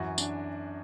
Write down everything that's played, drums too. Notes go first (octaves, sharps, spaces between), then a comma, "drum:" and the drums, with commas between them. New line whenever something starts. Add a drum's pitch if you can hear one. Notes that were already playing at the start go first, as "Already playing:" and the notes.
Already playing: F#2 E3 F#4
D4, drum: tambourine